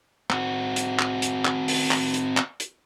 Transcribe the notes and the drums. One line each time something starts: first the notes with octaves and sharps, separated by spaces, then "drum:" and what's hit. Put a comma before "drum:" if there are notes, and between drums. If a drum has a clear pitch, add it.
C4 F#4, drum: clap
drum: hi-hat
drum: clap
drum: hi-hat
drum: clap
drum: open hi-hat
drum: clap
drum: hi-hat
drum: clap
drum: hi-hat